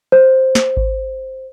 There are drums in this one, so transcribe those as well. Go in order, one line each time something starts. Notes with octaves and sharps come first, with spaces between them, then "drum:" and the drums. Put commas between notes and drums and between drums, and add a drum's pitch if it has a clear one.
C5
drum: snare
drum: kick G#1